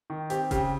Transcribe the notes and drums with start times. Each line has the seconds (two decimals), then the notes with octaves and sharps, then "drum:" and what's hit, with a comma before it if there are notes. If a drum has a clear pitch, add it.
0.10 D#3
0.30 C4 G4, drum: hi-hat
0.51 C#3 G4, drum: kick E1, hi-hat